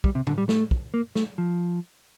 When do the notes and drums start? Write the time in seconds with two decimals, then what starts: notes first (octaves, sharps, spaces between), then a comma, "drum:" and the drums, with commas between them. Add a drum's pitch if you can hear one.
0.04 G3, drum: kick
0.15 C3
0.27 D3, drum: tom A2
0.38 G3
0.49 A3, drum: snare
0.71 drum: kick
0.94 A#3
1.15 A3, drum: snare
1.38 F3